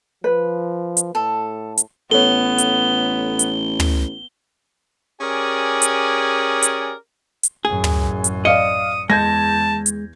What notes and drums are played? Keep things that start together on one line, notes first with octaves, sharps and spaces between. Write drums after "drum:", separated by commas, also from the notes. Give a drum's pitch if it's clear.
F3 B4
drum: hi-hat
A2 A4
drum: hi-hat
A1 B3 A4 C#5 G7
drum: hi-hat
drum: hi-hat
drum: tom
C#4 G4 G#4 A#4 D5 G#5
drum: hi-hat
drum: hi-hat
drum: hi-hat
A1 F#2 G#4
drum: tom
drum: hi-hat
D5 D#5 F5 D#6 C#7
E2 G#3 A5 G6 G#6 A#6
drum: hi-hat